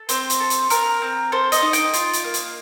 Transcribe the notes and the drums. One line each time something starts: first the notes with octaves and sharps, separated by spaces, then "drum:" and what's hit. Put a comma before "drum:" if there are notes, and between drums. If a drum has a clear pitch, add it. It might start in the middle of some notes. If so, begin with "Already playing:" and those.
Already playing: A4
C4 C5, drum: hi-hat
drum: hi-hat
A4
drum: hi-hat
C4 A#4, drum: hi-hat
C4
A4 C5
D#5, drum: hi-hat
D#4
G5, drum: hi-hat
F4, drum: hi-hat
drum: hi-hat
A#3
drum: hi-hat